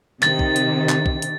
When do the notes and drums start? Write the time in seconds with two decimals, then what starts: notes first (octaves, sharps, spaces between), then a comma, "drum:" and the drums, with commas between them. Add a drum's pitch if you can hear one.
0.23 C3 D#3 A6, drum: clap
0.39 drum: kick
0.56 drum: hi-hat
0.89 drum: clap
1.06 drum: kick
1.22 drum: hi-hat